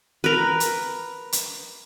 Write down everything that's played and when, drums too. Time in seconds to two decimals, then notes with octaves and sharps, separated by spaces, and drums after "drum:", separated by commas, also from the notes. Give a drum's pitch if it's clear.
0.24 A#4 B4
0.60 drum: hi-hat
1.32 drum: hi-hat